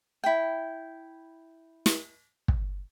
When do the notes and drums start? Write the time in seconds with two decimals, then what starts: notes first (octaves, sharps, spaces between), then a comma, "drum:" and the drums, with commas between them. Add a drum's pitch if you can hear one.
0.24 E4 G5
1.86 drum: snare
2.48 drum: kick